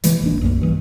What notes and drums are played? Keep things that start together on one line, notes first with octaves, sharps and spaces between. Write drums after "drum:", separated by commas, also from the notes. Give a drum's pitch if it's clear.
C3 E3 G#3 A#3, drum: hi-hat
D1 A1 A#3 D4
B1 F#2 F#3 A#3
G2 E3